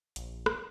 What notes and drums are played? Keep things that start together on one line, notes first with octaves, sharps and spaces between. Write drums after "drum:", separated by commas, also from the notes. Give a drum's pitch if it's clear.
A#1, drum: hi-hat
drum: rim click